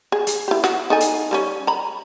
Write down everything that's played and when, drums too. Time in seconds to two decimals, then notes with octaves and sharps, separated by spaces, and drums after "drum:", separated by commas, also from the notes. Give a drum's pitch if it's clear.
0.12 G#4
0.27 drum: hi-hat
0.48 E4 G4
0.64 F#4, drum: snare
0.90 D#4 A4 G#5
1.00 drum: hi-hat
1.31 G3 A#3 C#4
1.67 A#5 B5